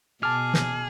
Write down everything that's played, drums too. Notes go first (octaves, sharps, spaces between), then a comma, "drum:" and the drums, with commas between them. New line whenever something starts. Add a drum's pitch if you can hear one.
B2 G#4 A5 D6 F6
drum: snare